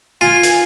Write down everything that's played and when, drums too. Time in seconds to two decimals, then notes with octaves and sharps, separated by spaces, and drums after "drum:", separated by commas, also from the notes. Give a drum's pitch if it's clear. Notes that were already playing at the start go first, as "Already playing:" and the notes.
0.21 F4 G#5
0.43 drum: hi-hat